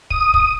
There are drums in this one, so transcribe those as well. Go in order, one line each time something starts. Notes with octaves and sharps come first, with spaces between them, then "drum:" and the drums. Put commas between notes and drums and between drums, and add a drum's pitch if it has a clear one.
D#6, drum: kick
drum: kick